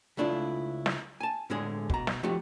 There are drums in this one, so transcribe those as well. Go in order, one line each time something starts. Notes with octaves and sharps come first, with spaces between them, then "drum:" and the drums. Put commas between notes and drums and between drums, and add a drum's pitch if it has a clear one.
C#2 A3 D4 E4 F4
drum: snare
G#5 A5
A2 D3 G#3 G#4
B2 A#5, drum: kick
drum: snare
F3 A3 D#4 F#4 G4